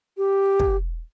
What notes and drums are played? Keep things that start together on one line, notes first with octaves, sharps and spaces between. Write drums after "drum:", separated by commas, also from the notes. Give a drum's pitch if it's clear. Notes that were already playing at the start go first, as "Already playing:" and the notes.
G4
drum: kick